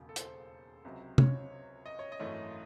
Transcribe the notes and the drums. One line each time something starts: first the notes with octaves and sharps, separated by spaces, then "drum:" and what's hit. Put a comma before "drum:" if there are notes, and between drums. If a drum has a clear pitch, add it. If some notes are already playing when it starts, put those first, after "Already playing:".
Already playing: E1 D#2 C#3 F#3
A4
C5, drum: hi-hat
C#2 C3 F#3
C#5, drum: tom C3
D#5
C#5
D#5
G#1 F#2 E3 A3 C#4